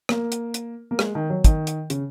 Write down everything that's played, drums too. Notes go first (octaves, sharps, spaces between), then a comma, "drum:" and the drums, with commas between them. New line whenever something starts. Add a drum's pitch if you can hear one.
A#3, drum: rim click
drum: hi-hat
drum: hi-hat
A#3
G#3, drum: rim click
D#3
F#3
D#3, drum: kick, hi-hat
drum: hi-hat
C#3, drum: hi-hat